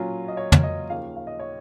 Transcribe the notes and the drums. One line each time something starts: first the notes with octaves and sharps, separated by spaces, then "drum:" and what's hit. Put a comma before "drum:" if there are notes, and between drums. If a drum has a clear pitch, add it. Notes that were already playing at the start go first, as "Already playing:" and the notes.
Already playing: A#2 F#3 C#4 F4
D#5
C#5
drum: tom
D#5
D#2 C#3 F3 F5
F5
D#5
C#5